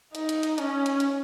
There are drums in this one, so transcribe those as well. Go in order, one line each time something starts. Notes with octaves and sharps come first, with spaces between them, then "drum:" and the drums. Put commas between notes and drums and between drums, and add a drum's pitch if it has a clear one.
D#4, drum: hi-hat
drum: hi-hat
drum: hi-hat
C#4, drum: hi-hat
drum: hi-hat
drum: hi-hat